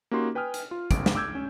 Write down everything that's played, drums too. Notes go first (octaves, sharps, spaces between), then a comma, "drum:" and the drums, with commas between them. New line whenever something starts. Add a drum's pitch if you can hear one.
A#3 C#4 D#4 F#4 G4 C6
B4 G5 G#5 D#6 F6
drum: hi-hat
F4
G1 C#2 D7, drum: kick, hi-hat
drum: snare
D6 E6 G6 G#6
C#4